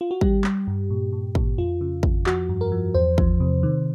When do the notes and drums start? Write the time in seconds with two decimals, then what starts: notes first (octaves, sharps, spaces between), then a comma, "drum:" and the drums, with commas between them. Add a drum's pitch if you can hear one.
0.01 F4
0.11 F#4
0.21 G3 G4, drum: kick
0.44 G3, drum: clap
0.67 G2
0.90 A#2
1.12 A#2
1.35 A#2, drum: kick
1.58 F2 F4
1.81 C#3
2.03 F2, drum: kick
2.26 F3 F#4, drum: clap
2.49 G2
2.61 A#4
2.72 F3
2.94 E2 C5
3.18 F3, drum: kick
3.40 C3
3.63 D#3